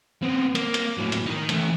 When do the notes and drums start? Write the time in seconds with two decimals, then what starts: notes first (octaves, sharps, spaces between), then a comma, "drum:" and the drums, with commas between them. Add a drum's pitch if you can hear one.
0.23 B3 C4
0.55 A#3, drum: hi-hat
0.74 drum: hi-hat
0.98 A2 F#3
1.12 drum: hi-hat
1.26 D#4 A#4
1.49 E3 A3, drum: hi-hat